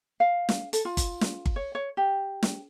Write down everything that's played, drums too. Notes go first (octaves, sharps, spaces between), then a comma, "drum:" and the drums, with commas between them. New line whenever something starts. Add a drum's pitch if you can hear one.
F5
drum: snare
A4, drum: hi-hat
F4
drum: kick G1, hi-hat
drum: snare
drum: kick G1
C#5
C#5
G4
drum: snare